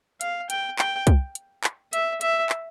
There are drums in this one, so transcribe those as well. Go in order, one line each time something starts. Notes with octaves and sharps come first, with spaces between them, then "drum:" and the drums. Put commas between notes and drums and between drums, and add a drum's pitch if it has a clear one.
F5, drum: hi-hat
G5, drum: hi-hat
G5, drum: clap
drum: kick C2, hi-hat
drum: hi-hat
drum: clap
E5, drum: hi-hat
E5, drum: hi-hat
drum: clap